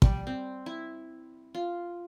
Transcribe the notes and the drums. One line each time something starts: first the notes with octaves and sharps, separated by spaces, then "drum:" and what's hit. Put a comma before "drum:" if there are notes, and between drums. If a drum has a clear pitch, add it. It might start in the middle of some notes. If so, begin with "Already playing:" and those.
G3, drum: kick
C4
E4
F4